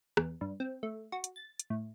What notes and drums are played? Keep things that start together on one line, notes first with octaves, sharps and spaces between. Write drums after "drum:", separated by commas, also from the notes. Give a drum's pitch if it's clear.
E2, drum: rim click
G2
C4
A3
F#4
drum: hi-hat
A6
drum: hi-hat
A2